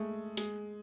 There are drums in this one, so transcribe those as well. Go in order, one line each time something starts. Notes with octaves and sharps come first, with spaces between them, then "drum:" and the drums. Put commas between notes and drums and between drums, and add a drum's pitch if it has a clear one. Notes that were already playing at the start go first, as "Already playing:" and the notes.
Already playing: G#3 A3
G#3, drum: hi-hat